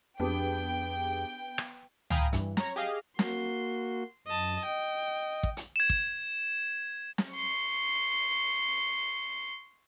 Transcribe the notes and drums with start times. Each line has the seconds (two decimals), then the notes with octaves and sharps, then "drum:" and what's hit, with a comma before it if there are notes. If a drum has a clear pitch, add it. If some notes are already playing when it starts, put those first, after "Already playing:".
0.20 F2 B3 D4 G4 G#4 G5
1.58 drum: rim click
2.10 F5 G5 G#5 A#5 B5 D#6, drum: tom C#2
2.33 G2 E3, drum: hi-hat
2.57 C#5 A#5, drum: snare
2.76 G4 G#4 D#5 F5
3.19 A#3 F#4 C6, drum: snare
4.27 F#2 D#5 A5
4.66 D#5 G5
5.43 drum: kick
5.57 drum: hi-hat
5.76 G#6 E7
5.90 drum: kick
7.18 drum: snare
7.32 C6 C#6